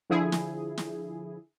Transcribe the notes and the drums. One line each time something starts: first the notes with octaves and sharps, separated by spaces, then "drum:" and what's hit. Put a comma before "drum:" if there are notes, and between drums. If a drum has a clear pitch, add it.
D3 F3 E4 G#4
drum: snare
drum: snare